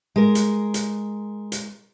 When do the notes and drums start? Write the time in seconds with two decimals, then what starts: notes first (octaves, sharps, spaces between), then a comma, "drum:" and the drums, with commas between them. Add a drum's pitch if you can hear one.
0.16 G#3 A#4
0.35 drum: hi-hat
0.74 drum: hi-hat
1.52 drum: hi-hat